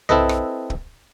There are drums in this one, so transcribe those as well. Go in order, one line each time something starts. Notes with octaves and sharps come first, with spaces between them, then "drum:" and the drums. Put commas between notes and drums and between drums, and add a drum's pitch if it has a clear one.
C4 E4 A4 B4 D#5, drum: tom
drum: rim click
drum: kick